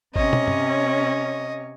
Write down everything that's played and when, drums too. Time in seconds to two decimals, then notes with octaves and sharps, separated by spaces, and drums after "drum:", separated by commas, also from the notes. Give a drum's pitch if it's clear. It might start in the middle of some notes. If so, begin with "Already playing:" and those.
0.16 C3 C#4 C#5 D#5, drum: kick G#1
0.33 drum: tom
0.48 drum: tom